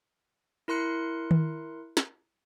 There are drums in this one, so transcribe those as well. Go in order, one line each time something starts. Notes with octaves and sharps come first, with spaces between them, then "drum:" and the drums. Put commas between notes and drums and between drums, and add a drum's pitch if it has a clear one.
E4 A#4 C6 F#6 C#7
drum: tom D#3
drum: snare